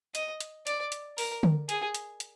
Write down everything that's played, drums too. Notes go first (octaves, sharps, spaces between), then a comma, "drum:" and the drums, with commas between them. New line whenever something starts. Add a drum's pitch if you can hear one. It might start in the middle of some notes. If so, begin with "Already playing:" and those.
D#5, drum: hi-hat
drum: hi-hat
D5, drum: hi-hat
drum: hi-hat
A#4, drum: open hi-hat
drum: tom D3
G#4, drum: hi-hat
drum: hi-hat
drum: hi-hat